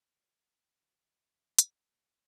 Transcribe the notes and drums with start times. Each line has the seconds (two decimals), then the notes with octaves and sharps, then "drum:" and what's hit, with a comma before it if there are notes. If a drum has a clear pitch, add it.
0.07 C#5
0.17 D5
0.28 E5
0.39 F#5
0.50 D2 G5
0.77 D3 F#3 C#4 F#4
1.04 D2 E5
1.12 F#5
1.19 E5
1.31 D3 F#3 C#4 F#4
1.59 B1, drum: hi-hat
1.85 A#2 G3 A#3